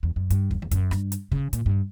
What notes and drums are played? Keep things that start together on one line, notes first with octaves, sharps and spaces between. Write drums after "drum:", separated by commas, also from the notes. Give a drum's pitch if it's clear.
E2
F#2
G2, drum: hi-hat
E2, drum: kick
E2
F#2, drum: kick, hi-hat
G2, drum: rim click
drum: hi-hat
C#3, drum: kick
A#2, drum: hi-hat
G2